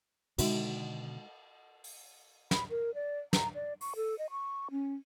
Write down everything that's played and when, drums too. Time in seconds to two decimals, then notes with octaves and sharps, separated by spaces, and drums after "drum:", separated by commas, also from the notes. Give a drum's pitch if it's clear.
0.38 B2 D3 D#3 G#3 D#4 F#4, drum: cymbal
1.84 drum: open hi-hat
2.51 B5, drum: snare
2.70 A#4
2.95 D5
3.33 A#5, drum: snare
3.55 D5
3.81 C#6, drum: open hi-hat
3.96 A4
4.18 D#5
4.30 C#6
4.71 C#4